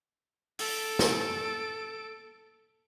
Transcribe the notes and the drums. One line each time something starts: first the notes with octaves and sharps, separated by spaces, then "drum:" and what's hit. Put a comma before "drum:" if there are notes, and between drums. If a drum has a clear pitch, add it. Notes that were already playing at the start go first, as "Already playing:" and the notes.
A4 D7, drum: open hi-hat
drum: snare